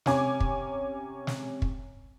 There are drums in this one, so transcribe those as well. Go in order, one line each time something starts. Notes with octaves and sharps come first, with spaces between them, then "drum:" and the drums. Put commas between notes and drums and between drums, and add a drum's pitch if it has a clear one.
C3 C#4 C#5 G#5 D6, drum: snare
drum: kick
drum: snare
drum: kick